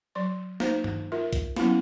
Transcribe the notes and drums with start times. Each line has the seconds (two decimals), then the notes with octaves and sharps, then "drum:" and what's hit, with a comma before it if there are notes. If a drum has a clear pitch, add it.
0.15 F#3 D5 C6
0.60 A#3 D#4 C5, drum: snare
0.84 drum: tom G2
1.12 F4 A#4 E5
1.33 drum: kick, hi-hat
1.57 F#3 B3 C#4 E4 F5, drum: snare